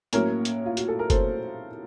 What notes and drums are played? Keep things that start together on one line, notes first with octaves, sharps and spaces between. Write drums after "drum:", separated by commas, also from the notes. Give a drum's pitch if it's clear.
A2 F#3 A#3 C#4 A#4 C#5, drum: hi-hat
drum: hi-hat
F4
F#4, drum: hi-hat
A4
A#4
A4 C5, drum: kick, hi-hat